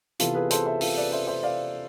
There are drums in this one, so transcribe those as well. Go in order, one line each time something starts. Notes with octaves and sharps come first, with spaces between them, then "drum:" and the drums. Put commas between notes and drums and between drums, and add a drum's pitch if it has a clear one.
C3 E3 B3 F4 A4, drum: hi-hat
G#4 B4
A4 C5, drum: hi-hat
C5 E5
F4 A4, drum: open hi-hat
B4 D5
C5 E5
C5 E5
D5 F5